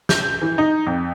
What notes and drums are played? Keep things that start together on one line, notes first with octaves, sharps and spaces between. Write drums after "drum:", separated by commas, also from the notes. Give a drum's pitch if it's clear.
G6, drum: snare
E3
D#4
F2